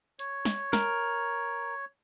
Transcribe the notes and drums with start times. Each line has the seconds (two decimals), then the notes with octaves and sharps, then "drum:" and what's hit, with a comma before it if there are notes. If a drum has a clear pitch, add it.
0.19 C#5, drum: hi-hat
0.45 drum: snare
0.73 A#4, drum: snare